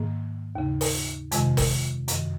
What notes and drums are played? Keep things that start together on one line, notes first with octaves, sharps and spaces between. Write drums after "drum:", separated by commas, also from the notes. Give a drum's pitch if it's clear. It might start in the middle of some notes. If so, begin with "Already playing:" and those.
Already playing: G#2 D#3 A#3
D#2 C#3
drum: open hi-hat
F2 C3 D#3 G#3, drum: hi-hat
drum: kick, open hi-hat
F#2 D#3, drum: hi-hat